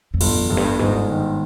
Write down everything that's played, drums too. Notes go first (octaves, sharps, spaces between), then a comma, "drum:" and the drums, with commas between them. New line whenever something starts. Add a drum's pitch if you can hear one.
F2
G1, drum: cymbal
F2
G1
G2
G1 G#2
D#3